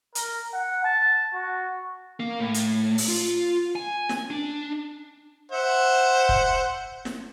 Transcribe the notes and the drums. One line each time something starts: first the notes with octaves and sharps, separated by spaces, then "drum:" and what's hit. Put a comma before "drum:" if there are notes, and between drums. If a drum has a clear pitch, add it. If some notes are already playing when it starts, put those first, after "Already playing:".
A#4, drum: hi-hat
F#5
A5
F#4
A#3
A2
drum: hi-hat
drum: open hi-hat
F4
G#5
drum: snare
D4
C5 E5 F#5
drum: kick
drum: snare